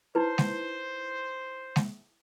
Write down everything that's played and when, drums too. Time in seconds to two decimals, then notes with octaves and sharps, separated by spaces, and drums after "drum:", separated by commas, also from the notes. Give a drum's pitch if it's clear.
0.15 D#4 E4 B4 C5
0.38 drum: snare G#3
1.76 drum: snare G#3